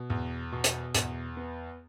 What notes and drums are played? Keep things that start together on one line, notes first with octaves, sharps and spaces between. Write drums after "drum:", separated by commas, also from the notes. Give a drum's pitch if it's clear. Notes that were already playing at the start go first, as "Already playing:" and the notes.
Already playing: B2
E2
B2
drum: hi-hat
E2, drum: hi-hat
B3